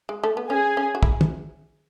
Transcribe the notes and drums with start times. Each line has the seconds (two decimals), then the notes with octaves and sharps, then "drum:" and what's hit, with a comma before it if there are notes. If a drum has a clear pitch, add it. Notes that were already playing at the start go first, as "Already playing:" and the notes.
0.09 G#3
0.24 A3
0.37 B3
0.50 C#4 G#4 G#5
0.77 C#4
0.95 F#4
1.03 E4, drum: kick
1.21 drum: tom